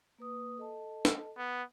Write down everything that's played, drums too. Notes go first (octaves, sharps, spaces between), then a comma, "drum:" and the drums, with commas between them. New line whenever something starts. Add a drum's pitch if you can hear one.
A#3 B4 D#6
A4 D#5 A5
drum: snare
B3